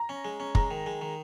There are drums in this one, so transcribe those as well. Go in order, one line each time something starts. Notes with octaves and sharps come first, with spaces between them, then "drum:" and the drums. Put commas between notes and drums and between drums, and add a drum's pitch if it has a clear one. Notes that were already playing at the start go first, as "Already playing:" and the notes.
Already playing: A#5
C#4
G#3
C#4
G#3 A#5, drum: kick
D#3
G#3
D#3